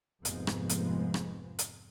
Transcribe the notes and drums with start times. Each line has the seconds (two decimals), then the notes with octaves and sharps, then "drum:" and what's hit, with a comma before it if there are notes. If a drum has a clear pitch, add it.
0.25 F1 F2 G#2 F3 G#3 B3, drum: hi-hat
0.47 drum: rim click
0.69 drum: hi-hat
1.14 drum: rim click
1.59 drum: hi-hat